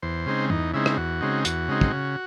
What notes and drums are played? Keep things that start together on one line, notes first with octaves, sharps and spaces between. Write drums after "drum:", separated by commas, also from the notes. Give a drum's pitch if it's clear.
E2 C5
C#3 G#3 C4 D#4
E2 D#4, drum: tom
C#3 G#3 C4 D#4 E4
drum: rim click
E2 F#4
C#3 G#3 C4 D#4
E2 F#4, drum: hi-hat
C#3 G#3 C4 D#4
drum: kick
C#3